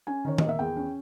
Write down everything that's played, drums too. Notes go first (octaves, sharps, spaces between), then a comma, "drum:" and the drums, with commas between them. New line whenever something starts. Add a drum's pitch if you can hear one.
C#4 G#5
D#3 C#5
A#3 D#5, drum: tom D#3
E5
E2 G5
C#4